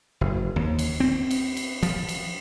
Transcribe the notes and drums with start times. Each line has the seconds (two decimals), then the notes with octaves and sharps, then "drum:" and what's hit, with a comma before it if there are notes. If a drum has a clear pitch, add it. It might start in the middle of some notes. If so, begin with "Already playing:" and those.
0.21 F#1
0.56 D#2
0.79 drum: cymbal
1.00 C4
1.31 drum: cymbal
1.57 drum: cymbal
1.83 F3, drum: cymbal
2.09 drum: cymbal